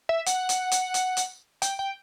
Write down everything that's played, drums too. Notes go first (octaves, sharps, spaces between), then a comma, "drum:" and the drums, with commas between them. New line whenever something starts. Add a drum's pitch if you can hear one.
E5
F#5, drum: hi-hat
drum: hi-hat
drum: hi-hat
drum: hi-hat
drum: hi-hat
G5, drum: hi-hat
G5